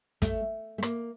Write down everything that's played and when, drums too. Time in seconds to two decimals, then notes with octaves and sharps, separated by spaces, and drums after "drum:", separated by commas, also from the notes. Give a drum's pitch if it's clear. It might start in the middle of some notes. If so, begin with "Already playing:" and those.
0.22 A3, drum: kick, hi-hat
0.78 A3
0.83 A#3, drum: rim click